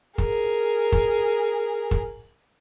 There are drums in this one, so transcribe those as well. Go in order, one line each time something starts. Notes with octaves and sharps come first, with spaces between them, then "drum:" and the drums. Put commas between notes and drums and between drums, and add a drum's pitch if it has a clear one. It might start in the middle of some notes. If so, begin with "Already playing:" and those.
G#4 A#4, drum: kick
drum: kick
drum: kick